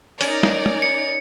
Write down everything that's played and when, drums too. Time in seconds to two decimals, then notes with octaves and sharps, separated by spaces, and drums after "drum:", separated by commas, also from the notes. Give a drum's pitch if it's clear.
0.21 C#4 D#4 A#4 D5, drum: hi-hat
0.43 drum: snare
0.66 drum: tom
0.82 C#7